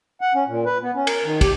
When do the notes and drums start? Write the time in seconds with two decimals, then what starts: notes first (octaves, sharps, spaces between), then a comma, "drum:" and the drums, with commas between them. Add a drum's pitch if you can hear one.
0.21 F#5
0.35 C#4
0.48 A#2
0.66 B4
0.83 B3
0.95 C#4
1.07 A#4, drum: cymbal
1.24 D#3
1.41 G4, drum: kick, cymbal